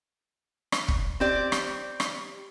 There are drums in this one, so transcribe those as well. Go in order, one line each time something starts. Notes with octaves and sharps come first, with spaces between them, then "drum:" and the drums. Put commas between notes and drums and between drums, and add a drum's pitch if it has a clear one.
drum: rim click
drum: kick
C4 G4 D5
drum: rim click
drum: rim click